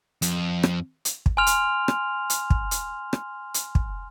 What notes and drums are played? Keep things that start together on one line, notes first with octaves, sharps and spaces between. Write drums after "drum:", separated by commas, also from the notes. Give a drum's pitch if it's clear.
F2, drum: hi-hat
drum: rim click
drum: hi-hat
drum: kick
G#5 C6 F6 F7
drum: hi-hat
drum: rim click
drum: hi-hat
drum: kick
drum: hi-hat
drum: rim click
drum: hi-hat
drum: kick